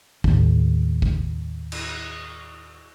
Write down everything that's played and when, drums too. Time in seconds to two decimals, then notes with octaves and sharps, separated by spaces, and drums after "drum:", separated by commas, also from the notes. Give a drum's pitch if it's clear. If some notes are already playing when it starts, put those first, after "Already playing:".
0.24 D#2 A2, drum: kick
1.02 drum: kick
1.72 drum: cymbal